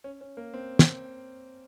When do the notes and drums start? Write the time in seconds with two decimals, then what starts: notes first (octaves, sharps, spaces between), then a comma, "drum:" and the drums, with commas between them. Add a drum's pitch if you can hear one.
0.04 C#4
0.21 C#4
0.37 A#3
0.54 C4
0.79 drum: snare